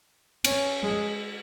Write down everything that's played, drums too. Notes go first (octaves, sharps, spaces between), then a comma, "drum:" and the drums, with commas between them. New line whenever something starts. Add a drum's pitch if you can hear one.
C#4, drum: cymbal
G#3